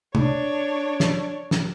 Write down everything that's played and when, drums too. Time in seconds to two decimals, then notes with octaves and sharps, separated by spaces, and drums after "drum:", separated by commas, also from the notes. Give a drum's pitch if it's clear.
0.15 D4 C#5, drum: tom
1.00 drum: snare
1.51 drum: snare